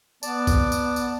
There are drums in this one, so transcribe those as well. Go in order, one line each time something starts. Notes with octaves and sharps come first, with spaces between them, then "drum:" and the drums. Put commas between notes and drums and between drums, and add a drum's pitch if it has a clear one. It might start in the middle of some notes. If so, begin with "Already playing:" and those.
B3 D5 A5, drum: tambourine
drum: kick, tambourine
drum: tambourine
drum: tambourine